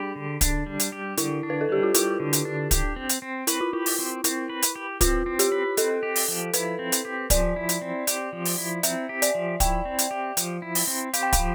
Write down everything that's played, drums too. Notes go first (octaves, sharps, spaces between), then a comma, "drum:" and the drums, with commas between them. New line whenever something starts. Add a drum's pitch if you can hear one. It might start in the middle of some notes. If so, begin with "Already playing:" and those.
Already playing: G3 D4 G4
D3
D4, drum: kick, hi-hat
G3
drum: hi-hat
G4
D3 E4, drum: hi-hat
D4
B4
A4
G3 G4
F4
E4 G4, drum: hi-hat
D3
drum: hi-hat
D4
G4, drum: kick, hi-hat
C4
drum: hi-hat
C4
E4 B4, drum: hi-hat
F4
E4 G4
drum: open hi-hat
C4
C4 E4, drum: hi-hat
B4
drum: hi-hat
G4
C4 F4, drum: kick, hi-hat
C4
G4, drum: hi-hat
B4
C4 A4, drum: hi-hat
G4
drum: open hi-hat
F3
E4 B4, drum: hi-hat
C4
drum: hi-hat
G4
F3 D5, drum: kick, hi-hat
E4
drum: hi-hat
C4
G4, drum: hi-hat
F3
drum: open hi-hat
E4
C4 E5, drum: hi-hat
G4
D5, drum: hi-hat
F3
E4 G5, drum: kick, hi-hat
C4
drum: hi-hat
G4
F3, drum: hi-hat
E4
drum: open hi-hat
C4
G4 F5, drum: hi-hat
G5
F5, drum: kick, hi-hat
F3